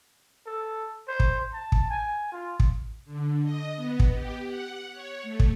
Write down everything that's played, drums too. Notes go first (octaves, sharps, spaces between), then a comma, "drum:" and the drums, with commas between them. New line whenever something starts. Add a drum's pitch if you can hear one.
A4
C5
drum: kick
A5
drum: kick
G#5
F4
drum: kick
D3
D#5
B3
drum: kick
G4
F#5
C#5
A3
drum: kick